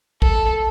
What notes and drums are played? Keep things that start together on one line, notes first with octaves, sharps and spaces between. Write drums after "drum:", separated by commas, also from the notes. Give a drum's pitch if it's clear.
A4, drum: kick